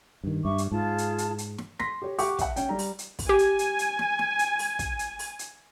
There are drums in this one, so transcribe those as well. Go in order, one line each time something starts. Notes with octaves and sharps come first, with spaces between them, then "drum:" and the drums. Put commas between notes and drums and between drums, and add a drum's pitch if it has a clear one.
G2 D#3
G2 E5 C#6 D6
drum: hi-hat
G#2 F4 G#4 A5
drum: hi-hat
drum: hi-hat
drum: hi-hat
drum: snare
C6 A#6 B6, drum: snare
G4 C#5
G4 F#5 G5 C#6 D6, drum: open hi-hat
E5 F#5, drum: kick, hi-hat
C#4 G5, drum: hi-hat
G3 A#5
drum: open hi-hat
drum: hi-hat
drum: kick, open hi-hat
G4 G#5
drum: hi-hat
drum: hi-hat
drum: hi-hat
drum: snare
drum: snare
drum: hi-hat
drum: open hi-hat
drum: kick, hi-hat
drum: hi-hat
drum: open hi-hat
drum: hi-hat